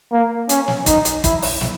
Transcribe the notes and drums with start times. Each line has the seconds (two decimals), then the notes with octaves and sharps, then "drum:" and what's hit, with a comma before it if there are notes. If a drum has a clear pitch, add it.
0.12 A#3
0.49 C#4, drum: hi-hat
0.68 drum: snare
0.86 D#4, drum: kick, hi-hat
1.05 drum: hi-hat
1.24 E4, drum: kick, hi-hat
1.42 drum: open hi-hat
1.61 drum: snare